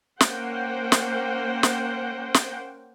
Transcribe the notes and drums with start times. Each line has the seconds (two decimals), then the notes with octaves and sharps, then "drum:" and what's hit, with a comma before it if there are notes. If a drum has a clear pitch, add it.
0.20 A#3 C#4 C5 F#5 G5, drum: snare
0.92 drum: snare
1.63 drum: snare
2.34 drum: snare